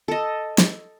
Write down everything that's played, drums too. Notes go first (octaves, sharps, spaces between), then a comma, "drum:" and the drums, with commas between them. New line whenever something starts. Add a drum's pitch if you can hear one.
A4 D#5
drum: snare